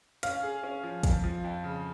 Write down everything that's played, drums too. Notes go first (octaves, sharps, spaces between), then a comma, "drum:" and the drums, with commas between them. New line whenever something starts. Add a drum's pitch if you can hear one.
C#4 F5, drum: hi-hat
G#4
C#4
F3
F2, drum: kick, hi-hat
F3
F2
C#3